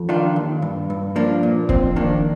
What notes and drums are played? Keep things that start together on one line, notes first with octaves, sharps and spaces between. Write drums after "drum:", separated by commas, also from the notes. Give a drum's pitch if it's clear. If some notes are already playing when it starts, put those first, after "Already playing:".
Already playing: F2
D#3 D4 F4
D#2
G2
G2
F3 A#3 D4
A#2
F2 C4, drum: kick
D#3 A#3 D4